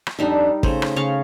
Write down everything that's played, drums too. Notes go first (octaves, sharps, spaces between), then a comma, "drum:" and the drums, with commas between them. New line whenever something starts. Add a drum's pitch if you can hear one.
drum: rim click
F2 G3 D4 D#4 E5
C#3 A3 C5, drum: kick
drum: rim click
C#3 F5 C#6